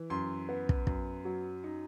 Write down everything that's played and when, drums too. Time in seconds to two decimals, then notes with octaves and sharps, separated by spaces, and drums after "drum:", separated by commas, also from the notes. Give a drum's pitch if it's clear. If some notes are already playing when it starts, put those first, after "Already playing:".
Already playing: E3
0.10 F#2 C6
0.49 B3
0.69 drum: kick
0.87 F#2, drum: kick
1.25 F#3
1.64 D#4